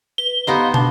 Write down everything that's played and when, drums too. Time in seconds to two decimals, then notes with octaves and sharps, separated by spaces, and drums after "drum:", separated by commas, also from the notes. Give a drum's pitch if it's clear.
0.18 B4 G7
0.47 B3 D#4 G4 C5 D#5 F5 A#5 C6
0.74 D4 F#4 A5 B5, drum: tom